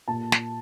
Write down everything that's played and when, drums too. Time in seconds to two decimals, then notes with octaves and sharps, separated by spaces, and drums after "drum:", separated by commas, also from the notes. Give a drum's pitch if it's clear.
0.08 A#2 A5
0.32 drum: snare